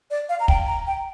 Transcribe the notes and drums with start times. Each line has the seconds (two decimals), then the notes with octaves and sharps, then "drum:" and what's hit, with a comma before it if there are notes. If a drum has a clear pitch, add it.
0.11 D5
0.29 F5
0.40 A#5
0.48 G5, drum: kick
0.67 A#5
0.87 G5